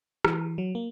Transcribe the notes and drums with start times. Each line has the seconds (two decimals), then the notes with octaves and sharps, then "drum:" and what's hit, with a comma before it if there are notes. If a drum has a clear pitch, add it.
0.25 E3, drum: rim click
0.58 F#3
0.75 A#3